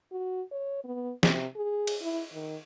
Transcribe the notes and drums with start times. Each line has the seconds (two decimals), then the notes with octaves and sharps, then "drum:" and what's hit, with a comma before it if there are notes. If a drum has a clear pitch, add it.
0.12 F#4
0.51 C#5
0.84 B3
1.23 C3, drum: snare
1.56 G#4
1.87 drum: cymbal
2.02 E4
2.34 D#3